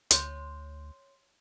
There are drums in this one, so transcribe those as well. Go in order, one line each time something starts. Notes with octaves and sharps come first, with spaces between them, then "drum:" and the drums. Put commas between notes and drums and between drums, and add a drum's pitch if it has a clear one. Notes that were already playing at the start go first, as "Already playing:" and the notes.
D2 C#5 C6 G6, drum: hi-hat